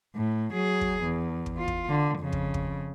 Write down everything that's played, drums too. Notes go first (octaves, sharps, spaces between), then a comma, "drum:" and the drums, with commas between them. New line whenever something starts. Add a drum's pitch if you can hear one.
A2
F#3 G#4
drum: kick
E2
drum: kick
F4
drum: kick
D3
F2 C#3
drum: kick
drum: kick